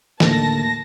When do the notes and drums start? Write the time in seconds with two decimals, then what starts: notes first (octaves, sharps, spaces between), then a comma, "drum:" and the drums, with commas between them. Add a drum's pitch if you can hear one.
0.20 D#2 A2 D3 A#3 A5 A#6, drum: snare